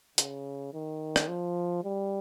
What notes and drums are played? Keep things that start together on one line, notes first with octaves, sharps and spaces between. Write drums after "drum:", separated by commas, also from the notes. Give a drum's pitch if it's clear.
C#3, drum: hi-hat
D#3
drum: rim click
F3
G3